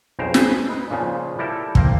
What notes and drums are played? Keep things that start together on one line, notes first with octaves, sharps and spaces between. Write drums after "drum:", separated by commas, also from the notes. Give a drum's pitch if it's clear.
B1 F2 C#3 C5 G5 A#5
G#4 B4 C5, drum: snare
D#4 B4
A#2 C#3 F3 G#3
G3 E4 A4 A#4 G5
A#3 C4, drum: kick